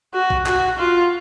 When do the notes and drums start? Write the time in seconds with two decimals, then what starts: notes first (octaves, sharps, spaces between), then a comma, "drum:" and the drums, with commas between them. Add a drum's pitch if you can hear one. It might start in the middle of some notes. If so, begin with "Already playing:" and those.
0.14 F#4
0.30 drum: kick A#1
0.46 F#4, drum: clap
0.79 F4